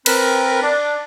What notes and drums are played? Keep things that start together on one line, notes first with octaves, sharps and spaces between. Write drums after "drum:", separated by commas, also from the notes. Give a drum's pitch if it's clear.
C4 A#4 B4, drum: cymbal
D4